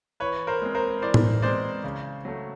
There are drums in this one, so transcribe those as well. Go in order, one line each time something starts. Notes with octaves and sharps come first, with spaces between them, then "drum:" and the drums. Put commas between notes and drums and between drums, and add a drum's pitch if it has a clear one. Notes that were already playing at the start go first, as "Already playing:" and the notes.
E3 B4 C#5
A#4 C5
G#3 C4
A#4 C5
E3 C5 D5
drum: tom A2
G#3 C4 C5 D5
C#3
F#3 A3